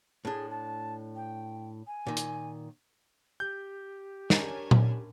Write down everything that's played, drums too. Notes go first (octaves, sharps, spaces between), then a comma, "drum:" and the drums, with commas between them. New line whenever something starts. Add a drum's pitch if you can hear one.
A2 D4 G#4
A5
G5
G#5
A#2 D#3
drum: hi-hat
G4 G6
C#4 D4 A#4 G#5, drum: snare
drum: tom A#2